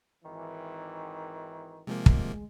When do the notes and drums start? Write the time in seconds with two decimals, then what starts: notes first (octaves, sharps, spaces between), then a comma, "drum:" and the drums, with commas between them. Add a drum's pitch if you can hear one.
0.25 G#1 D#3 E3
1.87 C3 F3 G#3 A#3
2.06 drum: kick